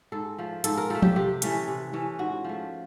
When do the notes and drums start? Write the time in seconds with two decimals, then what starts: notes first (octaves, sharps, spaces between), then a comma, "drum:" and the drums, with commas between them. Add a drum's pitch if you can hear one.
0.12 G#2 A4
0.39 F3 A3
0.64 G#2 A4, drum: hi-hat
0.77 A#4
0.90 F3 A3 A4
1.02 G4, drum: tom
1.16 C3 G4
1.42 E3 A3 C#4, drum: hi-hat
1.68 C3
1.93 E3 A3 C#4
2.19 G#2 F#4
2.44 F3 A3